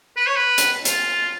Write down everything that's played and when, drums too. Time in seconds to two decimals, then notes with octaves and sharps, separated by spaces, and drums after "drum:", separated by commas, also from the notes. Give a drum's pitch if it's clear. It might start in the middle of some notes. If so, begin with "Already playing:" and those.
0.17 B4
0.27 C#5
0.36 B4
0.58 drum: hi-hat
0.85 F4, drum: hi-hat